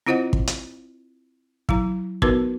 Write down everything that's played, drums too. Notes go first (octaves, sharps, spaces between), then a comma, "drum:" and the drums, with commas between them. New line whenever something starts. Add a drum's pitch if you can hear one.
C4 E4 F4 C5 D#5 F#5
drum: kick
drum: hi-hat
F#3 E4 A#5, drum: kick
B3 D#4 F#4 A#4 B4 D6, drum: kick